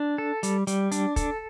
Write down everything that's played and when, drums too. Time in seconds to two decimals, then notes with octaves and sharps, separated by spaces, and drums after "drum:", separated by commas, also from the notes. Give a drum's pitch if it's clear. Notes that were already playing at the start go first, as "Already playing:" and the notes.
Already playing: D4
0.18 A4
0.43 G3, drum: hi-hat
0.67 G3, drum: hi-hat
0.91 D4, drum: hi-hat
1.16 A4, drum: kick, hi-hat